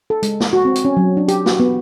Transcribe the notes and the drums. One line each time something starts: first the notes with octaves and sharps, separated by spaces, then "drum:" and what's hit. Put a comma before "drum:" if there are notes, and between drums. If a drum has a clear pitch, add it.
A4
G#3, drum: hi-hat
drum: snare
F#4
C4
drum: hi-hat
C#4
F#3
D4
G4, drum: hi-hat
F#4, drum: snare
B3